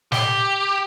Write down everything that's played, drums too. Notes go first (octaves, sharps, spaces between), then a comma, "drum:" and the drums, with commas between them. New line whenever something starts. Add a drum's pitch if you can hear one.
G4, drum: snare